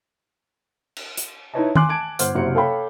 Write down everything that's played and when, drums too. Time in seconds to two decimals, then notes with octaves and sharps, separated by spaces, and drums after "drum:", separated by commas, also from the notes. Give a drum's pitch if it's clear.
0.96 drum: cymbal
1.17 drum: hi-hat
1.54 D#4 E4 B4 C#5 D#5 A5
1.75 G#5 C6 D6 F#6, drum: tom D#3
1.89 G#5 A5 G#6 D7
2.19 G1 C5 F#5 F6, drum: hi-hat
2.34 F#1 C3 F#4 C5 C#7
2.55 A4 C#5 F5 G5 B5